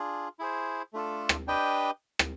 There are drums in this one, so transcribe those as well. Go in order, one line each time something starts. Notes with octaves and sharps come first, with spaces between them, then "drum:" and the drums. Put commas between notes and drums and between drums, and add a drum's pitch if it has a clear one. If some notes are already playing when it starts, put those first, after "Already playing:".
Already playing: D4 F4 G#4
E4 G#4 C5
A3 D4 F4 A4
drum: rim click
D4 G4 B4 D#5 G5
drum: rim click